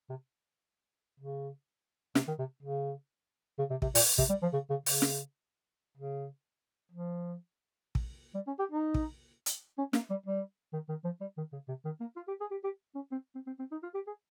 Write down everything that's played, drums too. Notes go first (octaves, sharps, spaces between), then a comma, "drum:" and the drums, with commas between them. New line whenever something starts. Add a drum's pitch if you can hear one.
C3
C#3
C3, drum: snare
D#3
C3
C#3
C#3
C3
C3, drum: kick
A#2, drum: open hi-hat
C3, drum: kick
G3
F3
C#3
C#3
C#3, drum: open hi-hat
drum: snare
C#3
F3
drum: kick
G3
C#4
G4
D#4
drum: kick
drum: hi-hat
C#4
A#3, drum: snare
G3
G3
D#3
D#3
F3
G3
D#3
C#3
C3
D#3
A#3
F4
G4
G#4
G4
G4
C#4
C4
C4
C4
C4
D#4
F4
G4
G#4